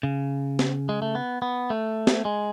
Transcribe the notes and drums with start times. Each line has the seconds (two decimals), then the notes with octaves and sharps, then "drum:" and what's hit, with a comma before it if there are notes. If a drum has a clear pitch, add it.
0.03 C#3
0.59 drum: snare
0.89 G#3
1.02 A3
1.15 B3
1.42 B3
1.70 A3
2.07 drum: snare
2.25 G#3